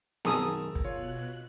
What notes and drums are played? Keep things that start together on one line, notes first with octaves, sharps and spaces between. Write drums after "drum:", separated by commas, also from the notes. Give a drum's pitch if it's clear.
F#2 B2 D#3 G#4 A#4 A5 D#6 E6, drum: snare B3
drum: kick
B2 F4 C#5 F#6